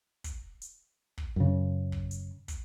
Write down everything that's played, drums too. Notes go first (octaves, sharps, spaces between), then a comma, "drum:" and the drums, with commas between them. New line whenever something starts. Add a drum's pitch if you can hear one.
drum: kick, hi-hat
drum: hi-hat
drum: kick
F#2 C#3
drum: kick
drum: hi-hat
drum: kick, hi-hat